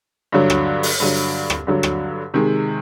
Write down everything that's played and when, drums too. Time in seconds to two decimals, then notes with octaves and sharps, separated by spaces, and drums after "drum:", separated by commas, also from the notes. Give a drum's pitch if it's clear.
0.32 G2 D3 F#3
0.50 drum: rim click
0.83 drum: open hi-hat
1.00 G2 D3 F#3
1.16 drum: hi-hat
1.50 drum: rim click
1.67 G2 D3 F#3
1.83 drum: rim click
2.34 C3 D#3 G#3